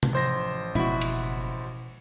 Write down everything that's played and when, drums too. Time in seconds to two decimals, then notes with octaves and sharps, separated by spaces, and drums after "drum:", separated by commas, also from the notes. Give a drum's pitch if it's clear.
0.03 drum: tom C3
0.13 A1 F3 C5 A#6
0.75 F#1 B2 F3 G#3 E4 F#4
1.02 drum: cymbal